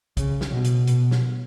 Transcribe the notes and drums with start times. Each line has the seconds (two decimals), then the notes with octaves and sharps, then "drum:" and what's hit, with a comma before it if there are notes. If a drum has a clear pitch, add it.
0.17 C#3, drum: kick, hi-hat
0.41 drum: snare
0.52 B2
0.64 drum: hi-hat
0.87 B2, drum: hi-hat
1.11 drum: snare